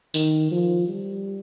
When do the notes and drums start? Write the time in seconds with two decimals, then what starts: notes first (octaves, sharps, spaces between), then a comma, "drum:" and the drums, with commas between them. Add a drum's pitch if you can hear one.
0.14 D#3, drum: open hi-hat
0.51 F3
0.88 G3